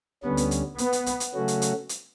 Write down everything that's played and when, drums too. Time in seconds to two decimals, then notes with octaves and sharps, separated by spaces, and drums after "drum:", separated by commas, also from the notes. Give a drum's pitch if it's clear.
0.23 D2 D3 G3 B3 C#4
0.37 drum: hi-hat
0.51 drum: hi-hat
0.78 B3, drum: hi-hat
0.93 drum: hi-hat
1.06 drum: hi-hat
1.20 drum: hi-hat
1.34 C#3 F#3 A3 C#4 F#4
1.48 drum: hi-hat
1.62 drum: hi-hat
1.89 drum: hi-hat